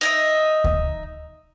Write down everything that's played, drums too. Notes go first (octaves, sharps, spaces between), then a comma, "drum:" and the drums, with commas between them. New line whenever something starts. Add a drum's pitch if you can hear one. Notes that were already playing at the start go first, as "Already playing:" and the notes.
D#4 D#5 E5
drum: kick D2